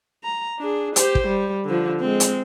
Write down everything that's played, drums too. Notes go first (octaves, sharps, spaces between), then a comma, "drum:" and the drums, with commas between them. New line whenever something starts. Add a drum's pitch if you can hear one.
A#5
D4 G#4
G4 C5, drum: hi-hat
drum: kick
G3
D3 F3
G#3 C4
drum: hi-hat